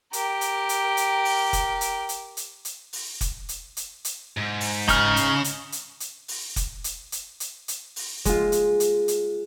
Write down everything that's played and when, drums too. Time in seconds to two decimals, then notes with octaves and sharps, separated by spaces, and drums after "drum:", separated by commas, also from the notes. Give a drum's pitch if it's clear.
0.13 G4 A#4, drum: hi-hat
0.41 drum: hi-hat
0.69 drum: hi-hat
0.97 drum: hi-hat
1.25 drum: open hi-hat
1.53 drum: kick, hi-hat
1.81 drum: hi-hat
2.09 drum: hi-hat
2.37 drum: hi-hat
2.65 drum: hi-hat
2.93 drum: open hi-hat
3.21 drum: kick, hi-hat
3.49 drum: hi-hat
3.77 drum: hi-hat
4.05 drum: hi-hat
4.38 G#2
4.60 drum: open hi-hat
4.88 C#3 D#4 F6, drum: kick, hi-hat
5.16 drum: hi-hat
5.44 drum: hi-hat
5.72 drum: hi-hat
6.00 drum: hi-hat
6.28 drum: open hi-hat
6.56 drum: kick, hi-hat
6.84 drum: hi-hat
7.12 drum: hi-hat
7.40 drum: hi-hat
7.68 drum: hi-hat
7.96 drum: open hi-hat
8.25 G#3 F4, drum: kick, hi-hat
8.52 drum: hi-hat
8.80 drum: hi-hat
9.08 drum: hi-hat